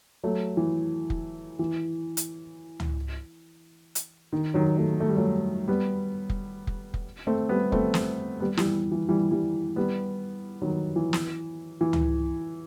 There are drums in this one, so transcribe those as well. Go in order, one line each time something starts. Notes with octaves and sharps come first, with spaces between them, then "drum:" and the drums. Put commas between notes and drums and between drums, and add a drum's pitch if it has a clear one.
F#3 A3
E3
drum: kick F1
E3
drum: hi-hat
drum: tom C#2
drum: hi-hat
D#3
D#3 F#3
F#3 A3
A3
G3
F#3 A3
G3 B3
drum: kick F1
drum: kick F1
drum: kick F1
A3 C4
G3 B3
A3 C4, drum: kick F1
drum: snare
G3 B3
E3 G3, drum: snare
E3
E3 G3
E3 G3
G3 B3
D#3 F#3
E3
drum: snare
E3
drum: tom C#2